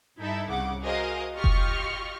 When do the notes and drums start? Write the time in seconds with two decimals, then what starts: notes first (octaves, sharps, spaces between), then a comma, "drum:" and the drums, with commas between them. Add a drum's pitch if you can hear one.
0.18 G2 D#4 E4 A4 E5
0.47 C2 C#3 F#5 D6
0.82 F#4 G#4 A#4 C5 D#5 F5
1.34 F4 G4 D#5 C#6 F6
1.44 drum: kick F1